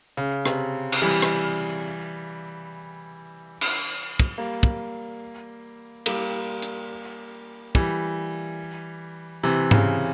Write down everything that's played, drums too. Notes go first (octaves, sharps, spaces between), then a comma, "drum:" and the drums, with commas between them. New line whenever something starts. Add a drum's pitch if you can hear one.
C#3
C3, drum: rim click
drum: cymbal
E3 G3
drum: rim click
drum: cymbal
drum: kick
G3 A#3
drum: kick
G3 A#3, drum: cymbal
drum: hi-hat
E3 G3, drum: kick
C3 E3
C#3, drum: tom G#2